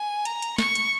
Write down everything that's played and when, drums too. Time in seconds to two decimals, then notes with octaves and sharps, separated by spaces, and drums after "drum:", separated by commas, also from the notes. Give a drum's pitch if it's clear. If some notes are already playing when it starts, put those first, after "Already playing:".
Already playing: G#5
0.25 A#5, drum: hi-hat
0.42 drum: hi-hat
0.58 C#6, drum: snare
0.75 drum: hi-hat